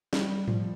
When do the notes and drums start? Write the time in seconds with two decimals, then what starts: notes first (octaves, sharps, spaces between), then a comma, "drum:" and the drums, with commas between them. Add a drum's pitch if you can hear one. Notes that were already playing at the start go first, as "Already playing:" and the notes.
0.13 G3, drum: snare
0.48 F3, drum: tom G#2